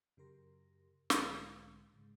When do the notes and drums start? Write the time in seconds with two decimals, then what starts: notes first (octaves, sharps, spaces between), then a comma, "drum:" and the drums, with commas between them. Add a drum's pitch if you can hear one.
0.17 F#2 C#3 G4 A#4 C6 A#6
1.10 B1 G#2 D3 G#3 A3, drum: snare
1.94 G#2 C#3